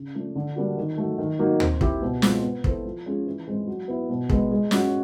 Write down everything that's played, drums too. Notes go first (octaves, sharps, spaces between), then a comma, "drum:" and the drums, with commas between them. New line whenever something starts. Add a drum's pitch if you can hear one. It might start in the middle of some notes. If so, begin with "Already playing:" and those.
Already playing: C#3
F3 A3 D4
D3
G3 A#3 D4 F#4
D#3
F#3 A3
D#3
F#3 A#3 D#4
C4, drum: tom D2
E4 G4, drum: kick
B2
G#3 C4 F4, drum: snare
B3
E4 A4 C5, drum: kick
F3
G#3 C#4 F4 G#4
E3
G#3 C4 E4
F#3
B3 E4
B2
G#3 B3, drum: kick
G#3
C#4 F#4, drum: snare